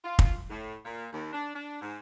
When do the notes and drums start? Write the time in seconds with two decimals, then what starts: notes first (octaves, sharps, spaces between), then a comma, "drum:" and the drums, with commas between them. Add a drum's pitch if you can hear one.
0.04 F4
0.19 drum: kick
0.50 A2
0.85 A#2
1.12 D#2
1.33 D4
1.54 D4
1.82 G#2